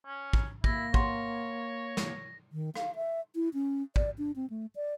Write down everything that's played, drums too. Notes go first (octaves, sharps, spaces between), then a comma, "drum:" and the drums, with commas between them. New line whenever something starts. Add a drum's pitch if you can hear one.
C#4
drum: kick
A#3 E4 A#6, drum: kick
C#5 F#5 A#5 C6, drum: kick
drum: snare
D#3
F5, drum: rim click
E5
E4
C#4
D5, drum: kick
D4
C4
A3
D5